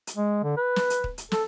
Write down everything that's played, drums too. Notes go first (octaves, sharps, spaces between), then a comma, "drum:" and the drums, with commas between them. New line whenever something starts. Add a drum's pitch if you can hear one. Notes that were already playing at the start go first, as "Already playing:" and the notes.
drum: hi-hat
G#3
D3
B4
drum: snare
drum: hi-hat
drum: kick
drum: hi-hat
A4, drum: snare